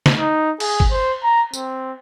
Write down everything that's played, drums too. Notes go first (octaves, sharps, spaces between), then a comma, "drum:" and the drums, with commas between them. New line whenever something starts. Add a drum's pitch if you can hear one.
drum: snare
D#4
G#4, drum: cymbal
drum: kick
C5
A#5
C4, drum: tambourine